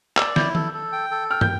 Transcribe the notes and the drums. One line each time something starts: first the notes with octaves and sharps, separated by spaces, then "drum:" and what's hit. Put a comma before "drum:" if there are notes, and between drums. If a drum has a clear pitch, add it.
D5 E6, drum: clap
E4 G6, drum: snare
A4, drum: tom D#3
A4
G5
A4
G5 F6
G6, drum: tom